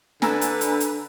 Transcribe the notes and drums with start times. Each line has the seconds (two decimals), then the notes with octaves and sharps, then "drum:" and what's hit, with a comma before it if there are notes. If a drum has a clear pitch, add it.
0.22 D3 D4 B4 G#5 A#5 E6, drum: snare
0.41 drum: hi-hat
0.61 drum: hi-hat
0.80 drum: hi-hat